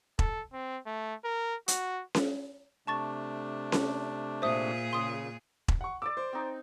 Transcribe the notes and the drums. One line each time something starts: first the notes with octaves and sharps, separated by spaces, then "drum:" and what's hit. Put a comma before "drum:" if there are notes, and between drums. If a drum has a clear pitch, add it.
A4, drum: kick E1
C4
A3
A#4
F#4, drum: hi-hat
drum: snare C#4
C3 A3 D4 A5 C#6 A6
drum: snare C#4
A#2 G#4 C5 E5 D#6
C#3 C6 D#6
drum: kick E1
F#5 C#6
D5 D6 E6
C5
C4 D#4